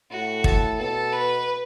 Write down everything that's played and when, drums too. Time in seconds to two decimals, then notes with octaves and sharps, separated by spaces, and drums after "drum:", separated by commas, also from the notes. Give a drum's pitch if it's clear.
0.10 A2 F#4
0.44 A4, drum: kick
0.78 B2 A4
1.13 B4